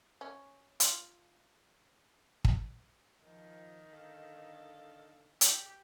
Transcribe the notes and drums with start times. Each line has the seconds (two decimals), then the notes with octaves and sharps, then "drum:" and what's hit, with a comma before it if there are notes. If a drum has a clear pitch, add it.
0.21 C#4
0.80 F4, drum: hi-hat
2.45 drum: kick
3.26 D#3 F3
3.93 D3 A4 F5
5.41 G4, drum: hi-hat